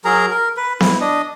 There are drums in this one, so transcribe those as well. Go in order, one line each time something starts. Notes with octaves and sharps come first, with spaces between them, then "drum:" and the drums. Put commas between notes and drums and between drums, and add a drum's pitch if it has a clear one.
F#3 G#4 A#4 A#5
A#4
B4
E4, drum: snare B3
D4 D#5